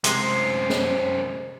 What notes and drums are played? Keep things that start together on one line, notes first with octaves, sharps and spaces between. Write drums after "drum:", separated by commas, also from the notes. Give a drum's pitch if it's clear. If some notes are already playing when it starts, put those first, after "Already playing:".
F#2 C3 G#3 C5, drum: hi-hat
drum: snare